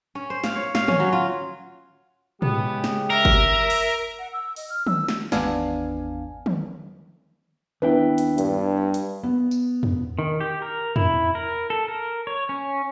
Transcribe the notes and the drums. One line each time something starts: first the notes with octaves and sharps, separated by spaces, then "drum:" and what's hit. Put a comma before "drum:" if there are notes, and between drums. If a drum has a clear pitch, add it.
C#4
C5
F5, drum: snare
C#5
F5, drum: snare
C#4, drum: tom
F#3
F4
C#3 G#3 B3 G4, drum: tom
drum: snare
A#4 E5
drum: kick G1
drum: open hi-hat
F#5
E6
D#5, drum: open hi-hat
F6
E6, drum: tom
drum: snare
G#1 E2 B3 D4 F5 G#5, drum: snare
drum: tom
D#2 B3 D4 E4 B4 G5
drum: hi-hat
G2, drum: hi-hat
drum: hi-hat
B3
drum: tambourine
drum: tom
D#3
G4
A#4
E4, drum: tom
A#4
A4
A#4
C#5
C#4